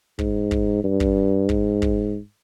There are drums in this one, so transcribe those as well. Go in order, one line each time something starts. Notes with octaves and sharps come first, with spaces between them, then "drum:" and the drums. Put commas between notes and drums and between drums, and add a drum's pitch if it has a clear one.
G#2, drum: kick
drum: kick
G2
drum: kick
G#2, drum: kick
drum: kick